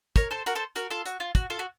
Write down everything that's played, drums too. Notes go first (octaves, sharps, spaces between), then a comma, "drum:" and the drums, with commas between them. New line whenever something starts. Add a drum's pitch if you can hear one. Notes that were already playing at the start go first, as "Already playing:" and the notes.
A#4 C#5, drum: kick, hi-hat
A4 C5
F#4 A#4, drum: hi-hat
A4 C5
F#4 A#4, drum: hi-hat
F4 A4
F#4, drum: hi-hat
F4
F#4, drum: kick, hi-hat
F4 A4
F#4